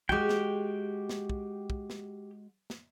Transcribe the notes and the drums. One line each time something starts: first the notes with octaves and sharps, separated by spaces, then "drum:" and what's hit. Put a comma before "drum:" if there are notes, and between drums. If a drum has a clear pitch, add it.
G#3 F#4 G4 G5, drum: kick
drum: snare
drum: snare
drum: kick
drum: kick
drum: snare
drum: snare